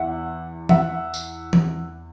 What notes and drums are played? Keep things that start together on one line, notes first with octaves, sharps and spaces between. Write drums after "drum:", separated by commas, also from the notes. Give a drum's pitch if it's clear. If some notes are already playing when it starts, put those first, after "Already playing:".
Already playing: E2 E5 F#5
E5 F#5, drum: tom E3
drum: tambourine
drum: tom E3